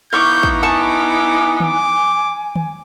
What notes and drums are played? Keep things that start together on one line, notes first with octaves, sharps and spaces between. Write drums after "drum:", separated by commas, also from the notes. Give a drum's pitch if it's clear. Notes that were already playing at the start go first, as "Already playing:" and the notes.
B3 D#4 E4 F5 C#6 D6 G6
drum: kick
G#5 A5 C#6 D6
D6, drum: tom D#3
drum: tom D#3